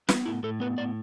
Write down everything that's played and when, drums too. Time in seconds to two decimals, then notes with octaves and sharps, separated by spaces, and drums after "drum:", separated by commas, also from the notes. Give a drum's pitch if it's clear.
0.09 B3 B4, drum: snare
0.26 A2 E4
0.43 A2 A4
0.60 B3 B4
0.78 A2 D5